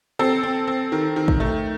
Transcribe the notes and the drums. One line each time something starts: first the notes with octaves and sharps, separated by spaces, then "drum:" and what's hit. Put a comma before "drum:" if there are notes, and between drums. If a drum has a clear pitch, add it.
C4 A4
C4
C4
D#3
D#3
drum: kick
A3